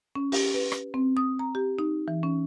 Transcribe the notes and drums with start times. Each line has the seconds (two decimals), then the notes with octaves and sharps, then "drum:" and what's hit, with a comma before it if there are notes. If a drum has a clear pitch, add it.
0.16 C#4
0.32 G4, drum: open hi-hat
0.54 B4
0.72 drum: rim click
0.94 C4
1.17 D#6
1.39 A#5
1.55 G4
1.79 D#4
2.08 E3
2.23 C#4